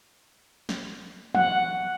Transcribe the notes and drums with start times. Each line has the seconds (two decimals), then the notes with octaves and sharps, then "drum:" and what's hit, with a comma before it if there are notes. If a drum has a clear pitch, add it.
0.69 drum: snare
1.35 F#5, drum: tom E3